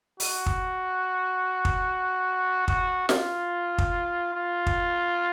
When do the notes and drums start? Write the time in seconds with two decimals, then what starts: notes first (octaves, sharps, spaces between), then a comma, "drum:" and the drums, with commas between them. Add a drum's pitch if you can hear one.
0.20 F#4, drum: open hi-hat
0.46 drum: kick
1.65 drum: kick
2.68 F#4, drum: kick
3.09 F4, drum: snare
3.78 drum: kick
4.33 F4
4.66 drum: kick